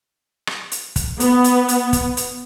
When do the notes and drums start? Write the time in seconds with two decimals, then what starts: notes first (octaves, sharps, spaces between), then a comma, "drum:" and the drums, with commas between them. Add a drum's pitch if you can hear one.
0.47 drum: rim click
0.72 drum: hi-hat
0.96 drum: kick, hi-hat
1.20 B3, drum: hi-hat
1.44 drum: hi-hat
1.68 drum: hi-hat
1.93 drum: kick, hi-hat
2.17 drum: hi-hat